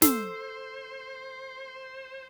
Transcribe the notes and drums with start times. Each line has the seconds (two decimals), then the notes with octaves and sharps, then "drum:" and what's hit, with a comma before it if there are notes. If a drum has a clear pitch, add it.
0.02 A4 C5 E6 C7, drum: snare